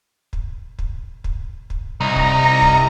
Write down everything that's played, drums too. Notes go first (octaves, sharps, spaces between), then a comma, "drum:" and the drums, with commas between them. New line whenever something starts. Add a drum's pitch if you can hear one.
drum: kick
drum: kick
drum: kick
drum: kick
C2 D#4 A#5
drum: kick
drum: kick